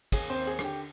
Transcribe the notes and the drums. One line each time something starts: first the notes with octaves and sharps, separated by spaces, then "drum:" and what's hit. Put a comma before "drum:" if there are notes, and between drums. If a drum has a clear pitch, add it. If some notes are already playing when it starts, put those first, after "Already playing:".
D#2 G#4, drum: kick, cymbal
C4 C5
D#2
G#4
D3, drum: rim click
G4